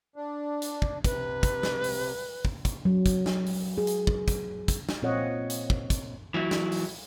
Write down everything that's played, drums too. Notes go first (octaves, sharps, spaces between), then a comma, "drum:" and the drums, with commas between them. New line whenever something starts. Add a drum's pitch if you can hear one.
D4
drum: hi-hat
drum: kick
C3 B4, drum: kick, hi-hat
drum: kick, hi-hat
drum: snare
drum: open hi-hat
drum: kick
drum: kick, hi-hat
F#3
drum: kick, hi-hat
drum: snare
drum: open hi-hat
G#4
drum: hi-hat
drum: kick
drum: kick, hi-hat
drum: kick, hi-hat
drum: snare
A#2 C4 F4 C#5 D#5 F#5
drum: hi-hat
drum: kick
drum: kick, hi-hat
E3 F#3 E4
drum: snare
drum: open hi-hat